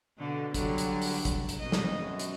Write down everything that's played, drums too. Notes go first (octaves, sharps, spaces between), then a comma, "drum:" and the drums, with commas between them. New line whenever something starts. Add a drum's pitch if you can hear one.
B2 D3 A4
D3 F#3 G3, drum: kick, hi-hat
drum: hi-hat
drum: open hi-hat
drum: kick, hi-hat
drum: hi-hat
F2 B2 D#5
drum: snare
F#2
drum: hi-hat